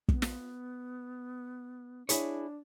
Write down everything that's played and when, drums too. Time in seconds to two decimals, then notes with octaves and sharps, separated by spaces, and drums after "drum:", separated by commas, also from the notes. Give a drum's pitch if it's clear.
0.08 B3, drum: kick
0.22 drum: snare
2.09 D4 E4 G#4 C#5, drum: hi-hat